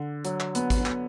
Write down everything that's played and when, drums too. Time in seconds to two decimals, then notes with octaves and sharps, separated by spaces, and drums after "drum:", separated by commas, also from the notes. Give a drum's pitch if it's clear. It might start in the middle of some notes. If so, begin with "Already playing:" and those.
Already playing: D3
0.25 F#3, drum: hi-hat
0.40 drum: clap
0.55 B3, drum: hi-hat
0.70 drum: kick G#1, hi-hat
0.85 drum: clap